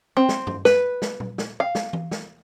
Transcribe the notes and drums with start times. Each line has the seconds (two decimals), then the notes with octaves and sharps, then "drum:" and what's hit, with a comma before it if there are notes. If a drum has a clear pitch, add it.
0.17 C4
0.29 drum: snare
0.47 drum: tom G2
0.65 B4, drum: snare
1.02 drum: snare
1.20 drum: tom
1.38 drum: snare
1.60 F5
1.75 drum: snare
1.93 drum: tom E3
2.11 drum: snare